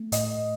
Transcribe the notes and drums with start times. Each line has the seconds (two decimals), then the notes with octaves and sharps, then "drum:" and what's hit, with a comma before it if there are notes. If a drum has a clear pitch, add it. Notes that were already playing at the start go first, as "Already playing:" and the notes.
Already playing: A3
0.12 A2 D#5, drum: hi-hat